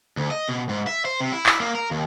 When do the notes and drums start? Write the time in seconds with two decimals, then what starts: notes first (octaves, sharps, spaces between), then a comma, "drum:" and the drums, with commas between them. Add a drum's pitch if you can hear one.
0.17 D2
0.31 D#5
0.49 B2
0.69 G#2
0.87 E5
1.05 C5
1.21 C3
1.33 E4
1.46 E4, drum: clap
1.60 A#3
1.75 A#4
1.91 D#2